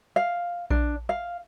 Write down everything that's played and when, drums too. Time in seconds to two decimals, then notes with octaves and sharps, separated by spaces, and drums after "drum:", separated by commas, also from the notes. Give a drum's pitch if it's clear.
0.16 F5
0.70 D4, drum: kick A#1
1.09 F5